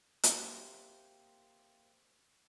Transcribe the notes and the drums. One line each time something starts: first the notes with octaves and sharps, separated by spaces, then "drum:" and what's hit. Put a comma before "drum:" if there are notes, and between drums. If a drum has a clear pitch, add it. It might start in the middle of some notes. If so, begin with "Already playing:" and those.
A#3 C4 G4 E5, drum: hi-hat